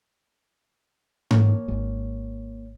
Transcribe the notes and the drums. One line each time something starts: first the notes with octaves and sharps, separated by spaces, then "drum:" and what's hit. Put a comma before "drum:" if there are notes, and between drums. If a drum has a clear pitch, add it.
A#3 C#5, drum: tom G#2
G#1 G#2